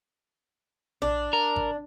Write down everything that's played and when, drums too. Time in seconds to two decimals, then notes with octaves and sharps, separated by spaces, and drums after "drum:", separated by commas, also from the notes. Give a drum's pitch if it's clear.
1.02 D4, drum: tom A#1
1.33 A#4
1.56 drum: kick